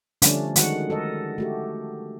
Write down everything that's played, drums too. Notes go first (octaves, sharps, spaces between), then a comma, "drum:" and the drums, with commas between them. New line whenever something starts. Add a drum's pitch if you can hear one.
D3 F3 G3 A3 C#4 D4, drum: hi-hat
D#3 G#3 F#4 F#5, drum: hi-hat
A4 A#4 D#5
A3 F#4 G4